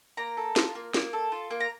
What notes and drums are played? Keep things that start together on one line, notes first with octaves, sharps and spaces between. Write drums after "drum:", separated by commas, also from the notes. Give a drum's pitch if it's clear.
A#3 A#5
A4
F4, drum: snare
A#3
A#3, drum: snare
A4
F4
A#3
A#5